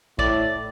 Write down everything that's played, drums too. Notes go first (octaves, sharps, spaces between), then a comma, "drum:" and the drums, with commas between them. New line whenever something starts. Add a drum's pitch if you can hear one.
A2 D5, drum: kick